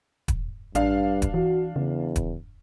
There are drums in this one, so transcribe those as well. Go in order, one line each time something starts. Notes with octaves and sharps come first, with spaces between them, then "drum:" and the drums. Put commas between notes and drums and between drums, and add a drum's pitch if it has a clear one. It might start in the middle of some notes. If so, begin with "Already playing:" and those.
drum: kick D#1, hi-hat
A1 G2 D4 F5, drum: hi-hat
drum: kick D#1, hi-hat
E3 F#4
E2 C#3
drum: kick D#1, hi-hat